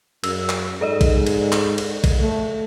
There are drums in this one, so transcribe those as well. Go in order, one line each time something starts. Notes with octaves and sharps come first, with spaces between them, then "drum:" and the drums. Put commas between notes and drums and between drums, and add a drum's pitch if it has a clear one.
F#2 E6, drum: cymbal
drum: clap
G#2 A4 D5 D#5
drum: kick, cymbal
drum: cymbal
drum: clap
drum: cymbal
drum: kick, cymbal
A3